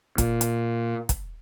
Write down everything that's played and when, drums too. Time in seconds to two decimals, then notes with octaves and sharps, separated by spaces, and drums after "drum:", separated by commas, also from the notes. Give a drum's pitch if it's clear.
0.18 A#2, drum: kick, hi-hat
0.41 drum: hi-hat
1.09 drum: kick, hi-hat